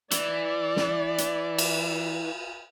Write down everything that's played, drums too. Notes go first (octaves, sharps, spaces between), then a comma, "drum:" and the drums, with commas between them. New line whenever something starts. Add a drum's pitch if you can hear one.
E3 D5, drum: hi-hat
drum: snare
drum: hi-hat
drum: cymbal